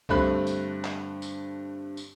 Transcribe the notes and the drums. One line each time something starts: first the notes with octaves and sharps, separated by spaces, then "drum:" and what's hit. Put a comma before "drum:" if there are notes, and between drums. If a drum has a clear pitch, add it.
G2 D3 A3 C4 B5 F#6, drum: kick
drum: tambourine
drum: clap
drum: tambourine
drum: tambourine